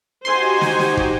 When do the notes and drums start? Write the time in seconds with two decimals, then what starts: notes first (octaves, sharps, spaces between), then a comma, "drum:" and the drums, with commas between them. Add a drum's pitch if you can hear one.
0.25 D#4 F#4 G4 C5 G#5 C6
0.61 drum: snare
0.79 drum: snare
0.97 drum: kick